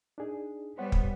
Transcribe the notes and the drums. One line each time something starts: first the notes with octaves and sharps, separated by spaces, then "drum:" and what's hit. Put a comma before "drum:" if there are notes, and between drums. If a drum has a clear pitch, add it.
D4 D#4 G#4
G3 B3 C5 C#5 F#5
drum: kick